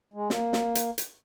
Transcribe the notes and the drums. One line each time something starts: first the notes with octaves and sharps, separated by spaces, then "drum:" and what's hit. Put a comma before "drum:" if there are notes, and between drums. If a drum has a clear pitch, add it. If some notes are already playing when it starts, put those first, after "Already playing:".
G#3
A#3, drum: snare
drum: snare
drum: hi-hat
drum: hi-hat